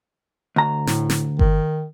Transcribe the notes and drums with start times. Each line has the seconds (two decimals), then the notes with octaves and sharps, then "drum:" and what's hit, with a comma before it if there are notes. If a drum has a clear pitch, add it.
0.56 D2 A#5
0.87 A2, drum: snare
1.10 drum: snare
1.39 D#3, drum: kick G1